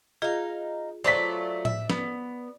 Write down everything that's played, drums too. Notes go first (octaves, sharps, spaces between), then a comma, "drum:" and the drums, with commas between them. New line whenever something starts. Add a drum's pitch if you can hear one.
D#4 F4 G#4 F5
F#3 A3 F4 C5 D5 B6
E5, drum: tom A2
B3, drum: snare